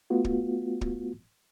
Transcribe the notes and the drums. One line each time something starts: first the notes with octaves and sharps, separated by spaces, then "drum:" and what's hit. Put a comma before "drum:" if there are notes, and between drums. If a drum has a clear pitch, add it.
A3 B3 F4 F#4
drum: kick
drum: kick